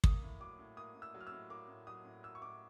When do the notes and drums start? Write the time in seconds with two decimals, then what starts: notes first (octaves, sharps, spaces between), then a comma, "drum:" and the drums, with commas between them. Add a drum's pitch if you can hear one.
0.04 A#3 D#6, drum: kick
0.22 A2
0.40 F#3 D6
0.59 A2
0.77 A#3 D#6
0.95 A2
1.02 E6
1.14 F#3
1.20 F6
1.27 E6
1.32 A2
1.50 A#3 D6
1.69 A2
1.87 F#3 D#6
2.05 A2
2.23 A#3 E6
2.35 C#6
2.42 A2 D6